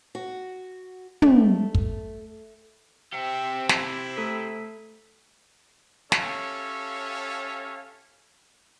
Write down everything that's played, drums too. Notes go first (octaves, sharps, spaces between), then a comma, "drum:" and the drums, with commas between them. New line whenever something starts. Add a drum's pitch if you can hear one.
F#4
A3, drum: tom
drum: kick
C4 G4 E5 G5 C#7
E4, drum: snare
A3 A4 B6
C#4 G4 A4 C#5 E5 F5, drum: snare